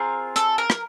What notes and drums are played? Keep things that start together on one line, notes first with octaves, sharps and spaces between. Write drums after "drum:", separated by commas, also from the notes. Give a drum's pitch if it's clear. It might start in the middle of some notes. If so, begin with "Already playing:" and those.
Already playing: C4 F4 G#4 A#4
A4, drum: hi-hat
A#4
drum: rim click